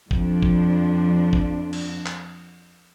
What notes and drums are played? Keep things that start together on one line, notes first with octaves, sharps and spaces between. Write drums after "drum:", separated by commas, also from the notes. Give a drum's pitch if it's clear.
F2 F3 D4, drum: kick G1
drum: kick G1
drum: kick G1
drum: cymbal
drum: clap